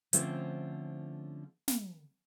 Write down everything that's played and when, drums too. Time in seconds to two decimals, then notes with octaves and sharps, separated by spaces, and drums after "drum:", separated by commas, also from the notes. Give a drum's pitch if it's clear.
0.13 D3 F3 A3 C4 C#4 F4, drum: hi-hat
1.68 drum: snare